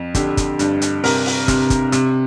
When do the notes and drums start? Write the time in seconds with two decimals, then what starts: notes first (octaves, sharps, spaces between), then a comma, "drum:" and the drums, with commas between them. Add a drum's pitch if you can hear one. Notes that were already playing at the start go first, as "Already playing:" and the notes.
Already playing: F2
0.15 D3 G4, drum: kick, hi-hat
0.37 drum: kick, hi-hat
0.59 G2, drum: hi-hat
0.82 drum: hi-hat
1.04 C3 A#4, drum: open hi-hat
1.26 drum: open hi-hat
1.48 C3, drum: kick, hi-hat
1.70 drum: kick, hi-hat
1.92 C3, drum: hi-hat